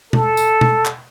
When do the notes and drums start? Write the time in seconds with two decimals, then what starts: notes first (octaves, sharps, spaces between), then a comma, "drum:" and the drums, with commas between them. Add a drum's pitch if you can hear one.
0.13 A4, drum: tom B2
0.37 drum: tambourine
0.61 drum: tom B2
0.85 drum: clap